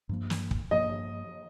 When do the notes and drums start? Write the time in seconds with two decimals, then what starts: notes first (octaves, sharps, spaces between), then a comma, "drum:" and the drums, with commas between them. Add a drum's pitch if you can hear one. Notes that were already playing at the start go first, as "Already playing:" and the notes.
0.09 G2 F3 A#3
0.30 drum: snare
0.51 drum: kick
0.71 G2 F3 A#3 D#5